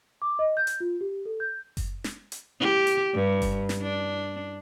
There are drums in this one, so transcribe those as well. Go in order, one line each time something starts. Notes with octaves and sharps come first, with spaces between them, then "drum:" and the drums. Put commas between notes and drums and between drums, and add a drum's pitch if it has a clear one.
D6
D#5
G6
drum: hi-hat
F4
G4
A4
G6
drum: kick F#1, open hi-hat
drum: snare
drum: hi-hat
G4
drum: hi-hat
G2
drum: kick F#1, open hi-hat
drum: snare
D4